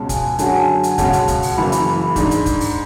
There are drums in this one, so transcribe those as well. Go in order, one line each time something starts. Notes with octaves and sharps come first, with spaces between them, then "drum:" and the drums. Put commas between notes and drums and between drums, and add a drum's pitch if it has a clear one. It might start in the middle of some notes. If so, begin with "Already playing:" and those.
Already playing: C#2 B2 G#3 C#4 A5
G#5, drum: kick, hi-hat
F#2 D3 G#3 C#4 F#4 A5, drum: hi-hat
G#5
A5
drum: hi-hat
C#2 B2 G#3 C#4 F#4 A5, drum: kick, hi-hat
drum: hi-hat
drum: kick, hi-hat
drum: open hi-hat
F#1 F#2 E3 B5
drum: hi-hat
B5
G#2 G#3 D4, drum: kick, hi-hat
drum: hi-hat
drum: kick, hi-hat
drum: open hi-hat